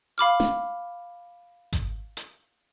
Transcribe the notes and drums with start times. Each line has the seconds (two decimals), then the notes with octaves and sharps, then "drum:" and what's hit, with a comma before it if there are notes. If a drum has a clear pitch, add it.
0.18 F5 B5 D6 F6
0.40 drum: snare
1.73 drum: kick G#1, hi-hat
2.17 drum: hi-hat